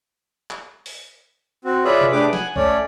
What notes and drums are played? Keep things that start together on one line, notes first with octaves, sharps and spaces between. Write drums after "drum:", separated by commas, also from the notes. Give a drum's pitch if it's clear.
drum: clap
drum: open hi-hat
C4 F#4
F4 G#4 B4 C#5 D5 E5
drum: tom C3
A3 D4 G4 G#4 B4 D6
F#5 G#5, drum: snare
A3 C#4 C#5 D5, drum: kick